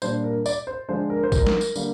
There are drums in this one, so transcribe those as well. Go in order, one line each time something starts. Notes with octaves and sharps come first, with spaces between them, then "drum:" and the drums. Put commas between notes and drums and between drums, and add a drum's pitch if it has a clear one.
A#2 G3 D4 C5, drum: tambourine
A#4
D5, drum: tambourine
C5
D3 F3 G#3 D4 C5
A#4
C5
A#4, drum: kick A#1, tambourine
drum: snare
drum: tambourine
D3 G3 A#3, drum: tambourine